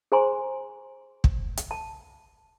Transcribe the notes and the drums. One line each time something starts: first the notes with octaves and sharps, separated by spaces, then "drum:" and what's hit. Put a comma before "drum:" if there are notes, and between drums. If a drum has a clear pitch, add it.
G#4 C5 G#5 A#5 C6
drum: kick
drum: hi-hat
A5